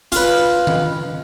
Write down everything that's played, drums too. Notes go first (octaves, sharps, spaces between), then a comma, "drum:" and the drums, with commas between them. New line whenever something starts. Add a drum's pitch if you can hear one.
F4 B4, drum: hi-hat
drum: tom D#3